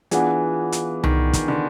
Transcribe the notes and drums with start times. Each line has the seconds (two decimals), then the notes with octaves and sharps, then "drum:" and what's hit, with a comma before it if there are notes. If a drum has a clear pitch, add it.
0.11 E3 B3 D4 F4 G#4, drum: hi-hat
0.72 drum: hi-hat
1.04 D#3, drum: tom C2
1.33 drum: kick, hi-hat
1.48 D3